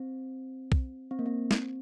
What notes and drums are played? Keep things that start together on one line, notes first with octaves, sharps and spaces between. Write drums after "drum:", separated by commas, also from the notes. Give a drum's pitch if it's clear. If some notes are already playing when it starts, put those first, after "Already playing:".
Already playing: C4
drum: kick B1
C4
A#3
C4
drum: snare